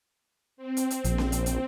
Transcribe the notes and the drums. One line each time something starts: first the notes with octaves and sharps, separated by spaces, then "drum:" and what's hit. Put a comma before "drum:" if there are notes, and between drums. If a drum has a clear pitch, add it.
C4
drum: hi-hat
drum: hi-hat
A#1, drum: hi-hat
drum: snare C#4
drum: hi-hat
drum: hi-hat